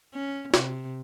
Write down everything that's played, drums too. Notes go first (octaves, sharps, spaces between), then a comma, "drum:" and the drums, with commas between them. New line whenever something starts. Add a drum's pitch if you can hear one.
C#4
C3, drum: snare